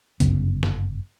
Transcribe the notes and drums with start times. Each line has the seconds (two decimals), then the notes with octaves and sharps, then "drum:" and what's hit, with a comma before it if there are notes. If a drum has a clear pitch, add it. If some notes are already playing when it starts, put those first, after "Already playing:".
0.20 G1 F#2 C#3 B3, drum: kick, hi-hat
0.63 drum: snare